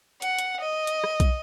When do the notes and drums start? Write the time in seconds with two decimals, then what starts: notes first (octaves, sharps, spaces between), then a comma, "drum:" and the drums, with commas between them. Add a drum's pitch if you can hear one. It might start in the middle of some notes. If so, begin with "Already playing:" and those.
0.22 F#5, drum: hi-hat
0.38 drum: hi-hat
0.61 D#5
0.87 drum: hi-hat
1.04 drum: rim click
1.20 drum: kick, hi-hat